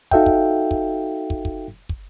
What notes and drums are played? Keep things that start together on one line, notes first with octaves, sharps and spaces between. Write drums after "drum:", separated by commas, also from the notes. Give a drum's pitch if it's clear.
D#4 F#4 A4 E5 F5 G5, drum: kick
drum: kick
drum: kick
drum: kick
drum: kick
drum: kick